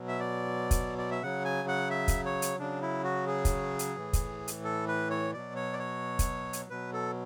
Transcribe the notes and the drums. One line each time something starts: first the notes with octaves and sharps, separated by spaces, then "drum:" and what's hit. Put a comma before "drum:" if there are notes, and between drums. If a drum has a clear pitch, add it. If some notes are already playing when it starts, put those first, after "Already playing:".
Already playing: B2 F#3
E5
D5
drum: kick, hi-hat
D5
E5
C#3 F#3 F#5
G#5
F#5
E5
drum: kick, hi-hat
C#5
drum: hi-hat
C#3 F#3 D4
E4
F#4
G#4
drum: kick, hi-hat
drum: hi-hat
A2 E3
drum: kick, hi-hat
drum: hi-hat
A4
B4
C#5
B2 F#3 D5
C#5
D5
C#5
drum: kick, hi-hat
drum: hi-hat
B2 F#3 B4
A4